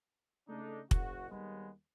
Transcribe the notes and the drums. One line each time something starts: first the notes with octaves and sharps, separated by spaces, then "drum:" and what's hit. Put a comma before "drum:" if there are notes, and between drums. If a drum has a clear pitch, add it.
C#3 A3 D4 D#4
F#1 F#4, drum: kick
D#2 G3 G#3 B3